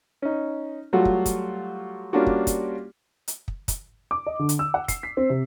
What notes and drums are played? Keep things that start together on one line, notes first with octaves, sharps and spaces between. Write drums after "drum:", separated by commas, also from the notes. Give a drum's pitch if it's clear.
C#4 D#4
F#3 G3 A3 F4 F#4
drum: kick
drum: kick, hi-hat
G3 A#3 C#4 D4 F4 F#4
drum: kick
drum: kick, hi-hat
drum: hi-hat
drum: kick
drum: kick, hi-hat
D6
D#5
D3
drum: hi-hat
E6
F#5
C7, drum: kick, hi-hat
B6
C4
C3